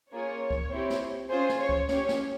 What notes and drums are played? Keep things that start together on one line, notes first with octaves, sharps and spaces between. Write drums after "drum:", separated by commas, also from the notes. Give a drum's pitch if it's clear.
A#3 C#4 F4 G#4 C#5
drum: kick C#2
C4 E4 G4
drum: snare
C#4 F4 G#4 C5
drum: snare
C#5
drum: kick C#2
C#4 G4 C#5, drum: snare
drum: snare